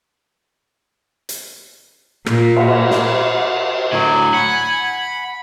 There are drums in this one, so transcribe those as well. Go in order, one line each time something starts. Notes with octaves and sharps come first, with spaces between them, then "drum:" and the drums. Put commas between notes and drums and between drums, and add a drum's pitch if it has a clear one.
drum: hi-hat
A#2, drum: rim click
drum: cymbal
drum: snare
A2 D3 F#3 G#5
F#5 B5